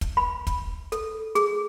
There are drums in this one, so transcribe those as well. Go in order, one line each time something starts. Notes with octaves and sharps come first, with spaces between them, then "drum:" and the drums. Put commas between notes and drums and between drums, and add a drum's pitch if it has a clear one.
drum: kick, hi-hat
B5
drum: kick, hi-hat
A4, drum: hi-hat
G#4, drum: hi-hat